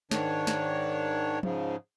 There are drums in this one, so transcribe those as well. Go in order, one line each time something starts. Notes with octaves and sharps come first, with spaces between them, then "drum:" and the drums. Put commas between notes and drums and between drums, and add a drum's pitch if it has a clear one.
G#2 D#3 D4 C#5, drum: snare
drum: snare
G#2 C#3 F3, drum: tom